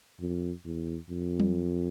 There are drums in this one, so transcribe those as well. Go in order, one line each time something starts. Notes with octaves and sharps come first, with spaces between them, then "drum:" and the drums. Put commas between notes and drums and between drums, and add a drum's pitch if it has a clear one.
F2
E2
F2
drum: tom F#3